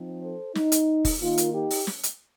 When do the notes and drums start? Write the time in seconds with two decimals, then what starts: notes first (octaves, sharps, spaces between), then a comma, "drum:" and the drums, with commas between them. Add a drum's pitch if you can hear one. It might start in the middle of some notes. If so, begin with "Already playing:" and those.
Already playing: F3 C4 D#4
0.22 A4 C5
0.55 D#4, drum: snare
0.72 drum: hi-hat
1.05 drum: kick, open hi-hat
1.21 D#3 A#3 D#4 F4
1.38 drum: hi-hat
1.54 D#4 G4
1.70 drum: open hi-hat
1.87 drum: snare
2.03 drum: hi-hat